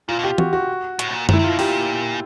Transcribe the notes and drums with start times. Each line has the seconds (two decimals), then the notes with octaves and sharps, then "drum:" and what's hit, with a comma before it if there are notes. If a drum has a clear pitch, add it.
0.08 A#2 F4
0.19 B2 G4
0.38 F#4, drum: tom E3
0.53 F#4
0.99 A2, drum: hi-hat
1.09 B2
1.13 A#2
1.29 A#2 E4, drum: tom F#2
1.39 C3 F4
1.49 B2
1.59 A#2 G4, drum: open hi-hat